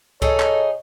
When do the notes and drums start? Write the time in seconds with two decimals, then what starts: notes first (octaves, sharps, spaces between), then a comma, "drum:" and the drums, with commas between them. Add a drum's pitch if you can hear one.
0.22 D#4 G#4 A4 C#5, drum: kick C#2
0.40 drum: clap